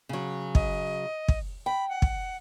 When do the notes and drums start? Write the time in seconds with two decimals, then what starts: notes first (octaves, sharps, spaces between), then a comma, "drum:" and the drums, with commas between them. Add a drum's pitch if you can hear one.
0.09 C#3 F#3
0.55 D#5, drum: kick
1.28 drum: kick
1.66 G5 B5
1.89 F#5
2.02 drum: kick